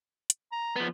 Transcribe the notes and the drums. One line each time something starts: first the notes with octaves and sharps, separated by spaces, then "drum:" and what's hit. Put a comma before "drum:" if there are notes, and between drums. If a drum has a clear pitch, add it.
drum: hi-hat
A#5
F3 B3